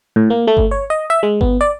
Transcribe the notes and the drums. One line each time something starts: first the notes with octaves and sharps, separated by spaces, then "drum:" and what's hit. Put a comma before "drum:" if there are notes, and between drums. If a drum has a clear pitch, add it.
A2
A#3
A3
drum: kick G1
C#5
D#5
E5
G#3
B3, drum: kick G1
D5